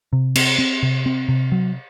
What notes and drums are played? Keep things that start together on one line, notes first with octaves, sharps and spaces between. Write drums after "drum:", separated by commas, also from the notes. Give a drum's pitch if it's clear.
C3
C4, drum: cymbal
C4
C3
C4
C3
F#3